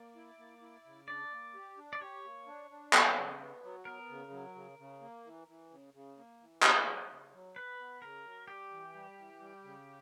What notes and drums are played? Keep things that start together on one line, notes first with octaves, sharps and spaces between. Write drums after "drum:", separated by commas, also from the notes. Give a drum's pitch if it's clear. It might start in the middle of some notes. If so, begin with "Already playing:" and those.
Already playing: A#3 D5
E4
A#3
E4
C#3
D4 D5
A#3
G4
D4
D5
G4 C#5
A#3
D4
D4
F#3, drum: clap
C#3
B3
F#3
B3 A#4
C#3
F#3
C#3
C#3
A#3
E3
E3
C#3
C#3
A#3
E3
F#3, drum: clap
F#3
C#3
F#3
B3 B4
B3
C#3 A#4
F#3
G3 G4
E3
G3
E3
G3
C#3